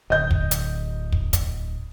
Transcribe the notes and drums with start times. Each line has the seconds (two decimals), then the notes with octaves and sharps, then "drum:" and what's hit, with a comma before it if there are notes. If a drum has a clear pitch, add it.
0.10 D1 D#5 G6
0.31 drum: kick
0.51 drum: hi-hat
1.12 drum: kick
1.33 drum: kick, hi-hat